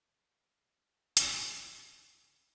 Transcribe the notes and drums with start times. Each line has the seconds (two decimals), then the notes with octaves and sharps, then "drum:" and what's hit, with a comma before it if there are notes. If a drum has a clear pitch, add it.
1.17 C#3 B3 F4 G5, drum: hi-hat